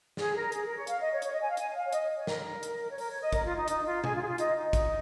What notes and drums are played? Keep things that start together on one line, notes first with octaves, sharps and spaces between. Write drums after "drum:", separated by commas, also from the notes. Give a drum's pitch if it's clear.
G#4, drum: snare
A#4
G#4, drum: hi-hat
A#4
C#5
F5, drum: hi-hat
D#5
C#5
C#5, drum: hi-hat
D#5
G#5
F5
G#5, drum: hi-hat
G#5
F5
C#5
D#5, drum: hi-hat
C#5
A#4, drum: snare
drum: hi-hat
C#5
A#4, drum: open hi-hat
C#5
D#5
A#4, drum: kick, hi-hat
F4
D#4
D#4, drum: hi-hat
F4
G#4, drum: tom B2
F4
G#4
F4
D#4, drum: hi-hat
D#4
drum: kick, hi-hat